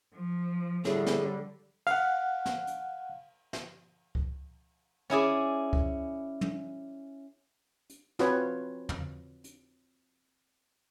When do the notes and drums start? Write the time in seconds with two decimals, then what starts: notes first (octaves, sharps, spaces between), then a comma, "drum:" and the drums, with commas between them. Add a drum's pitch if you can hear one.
0.16 F3
0.85 A2 D3 G3 G#4, drum: snare
1.06 drum: snare
1.87 F5 F#5, drum: cymbal
2.46 drum: snare
2.67 drum: hi-hat
3.53 drum: snare
4.15 drum: kick C#2
5.10 C#4 E4 G#4 D5
5.73 drum: kick C#2
6.41 drum: tom
7.90 drum: hi-hat
8.19 C4 F4 F#4 B4 C#5, drum: snare
8.89 drum: tom
9.44 drum: hi-hat